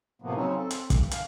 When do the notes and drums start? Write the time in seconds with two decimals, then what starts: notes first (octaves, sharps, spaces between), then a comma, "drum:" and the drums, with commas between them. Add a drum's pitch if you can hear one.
0.22 A2 C3 F3 A#3 B3
0.35 C#3 F#3 C4 C#4 D#4
0.56 C4 A4
0.71 drum: hi-hat
0.90 G2, drum: kick, hi-hat
1.11 F5, drum: hi-hat